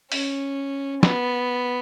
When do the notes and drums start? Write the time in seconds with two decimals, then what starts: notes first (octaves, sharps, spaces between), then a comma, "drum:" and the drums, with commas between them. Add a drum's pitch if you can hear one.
0.12 C#4, drum: open hi-hat
1.03 B3, drum: snare